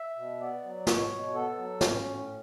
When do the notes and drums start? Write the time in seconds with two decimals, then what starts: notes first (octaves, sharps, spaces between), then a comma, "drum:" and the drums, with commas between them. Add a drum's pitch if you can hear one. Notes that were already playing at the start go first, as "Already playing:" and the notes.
Already playing: E5
0.16 B2
0.40 B3 D5
0.64 F#3
0.87 B2 C#5, drum: snare
1.10 B2
1.34 B3 A4
1.57 F#3
1.81 A2 C#4, drum: snare
2.04 A2